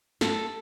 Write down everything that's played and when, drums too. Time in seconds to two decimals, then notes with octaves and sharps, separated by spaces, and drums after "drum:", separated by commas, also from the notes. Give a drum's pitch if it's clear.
0.21 A4, drum: snare